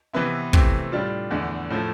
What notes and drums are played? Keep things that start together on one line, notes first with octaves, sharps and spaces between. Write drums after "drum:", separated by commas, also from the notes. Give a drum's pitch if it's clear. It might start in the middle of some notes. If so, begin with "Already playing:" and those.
C3 E3 B3 E4
C3 E3 A3 C4, drum: kick
A2 G3 D4 F4
E2 D3 A3 D4
A2 F3 A3